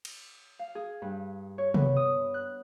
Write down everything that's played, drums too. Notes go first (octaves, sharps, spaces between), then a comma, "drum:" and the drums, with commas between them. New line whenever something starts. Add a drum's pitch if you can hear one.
drum: cymbal
F5
G#4
G2
C#5
B3, drum: tom C3
D#6
F#6